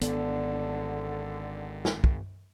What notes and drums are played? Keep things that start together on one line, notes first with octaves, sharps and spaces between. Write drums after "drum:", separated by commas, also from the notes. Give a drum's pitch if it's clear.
G#1 D3 B3, drum: hi-hat
drum: snare
drum: kick